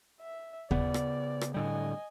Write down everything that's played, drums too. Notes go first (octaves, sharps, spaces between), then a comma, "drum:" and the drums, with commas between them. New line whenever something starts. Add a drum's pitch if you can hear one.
E5
C#3 B3 D5, drum: kick D#2
drum: rim click
drum: rim click
A2 D3 G3 D#5 G#5